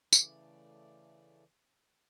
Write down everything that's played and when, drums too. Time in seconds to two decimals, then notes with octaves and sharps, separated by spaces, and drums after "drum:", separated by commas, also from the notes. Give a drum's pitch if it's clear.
0.13 C#3 E3 A3 D5, drum: tambourine